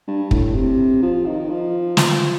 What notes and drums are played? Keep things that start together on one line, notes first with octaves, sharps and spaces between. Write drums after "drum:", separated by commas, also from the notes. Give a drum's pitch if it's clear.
G2
A2, drum: kick
C3
F3
D#3
F3
drum: snare